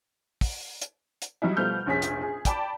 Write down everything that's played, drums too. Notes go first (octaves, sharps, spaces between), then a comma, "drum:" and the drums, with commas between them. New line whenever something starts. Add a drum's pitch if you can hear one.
drum: kick, open hi-hat
drum: hi-hat
drum: hi-hat
F#3 G3 D#4 E4
B2 F3 G3 A3 F6 G6
F1 A#1 C#4 G#4 B6
drum: hi-hat
G#4
D5 G5 A5 B5 D6, drum: kick, hi-hat